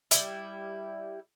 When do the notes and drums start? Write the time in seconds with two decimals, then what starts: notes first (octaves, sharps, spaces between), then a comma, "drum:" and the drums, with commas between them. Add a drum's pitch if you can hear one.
0.11 G3 E4, drum: hi-hat